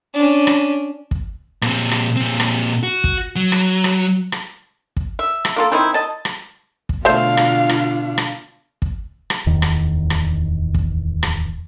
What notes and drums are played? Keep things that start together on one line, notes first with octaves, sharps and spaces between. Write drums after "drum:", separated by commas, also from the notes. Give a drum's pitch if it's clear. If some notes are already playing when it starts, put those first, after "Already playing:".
C#4 D4
drum: rim click
drum: kick
A#2 C4, drum: rim click
drum: rim click
A#2 C4
drum: rim click
F#4
drum: kick
F#3
drum: rim click
drum: rim click
drum: rim click
drum: kick
E5
drum: rim click
A#3 F4 A4
D#3 C4 D#4 E4
D#5 A5
drum: rim click
drum: kick
B2 D3 A3 D4 F4 C5 F5
drum: rim click
drum: rim click
drum: rim click
drum: kick
drum: rim click
D1 E2 D#3
drum: rim click
drum: rim click
drum: kick
drum: rim click